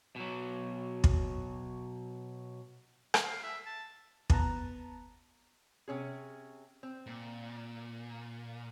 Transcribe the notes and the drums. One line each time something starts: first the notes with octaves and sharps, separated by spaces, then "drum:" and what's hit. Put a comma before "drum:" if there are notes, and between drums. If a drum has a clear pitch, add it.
B2 F#3
drum: kick
drum: rim click
F5
E5
A5
B3 A5 A#5, drum: kick
C3 C#4 G#4
C4
A#2